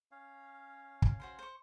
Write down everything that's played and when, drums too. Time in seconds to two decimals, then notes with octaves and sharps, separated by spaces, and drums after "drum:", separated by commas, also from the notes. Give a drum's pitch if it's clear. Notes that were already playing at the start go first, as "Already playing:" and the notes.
0.11 C#4 C#5 F5
1.02 drum: kick
1.20 F#4 C5 C6
1.39 C5 C#6